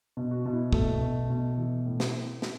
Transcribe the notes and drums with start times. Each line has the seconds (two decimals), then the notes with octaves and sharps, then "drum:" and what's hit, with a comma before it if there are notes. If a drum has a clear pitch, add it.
0.17 B2
0.31 F#4
0.46 B2
0.52 E4
0.73 B2 A3, drum: kick
1.01 B2
1.30 B2
1.57 E3
1.86 A2
2.00 drum: snare
2.42 drum: snare